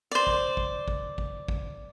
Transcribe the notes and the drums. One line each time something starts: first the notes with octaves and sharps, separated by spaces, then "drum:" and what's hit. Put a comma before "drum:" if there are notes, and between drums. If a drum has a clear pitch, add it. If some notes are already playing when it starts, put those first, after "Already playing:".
C5 D5
drum: kick
drum: kick
drum: kick
drum: kick
drum: kick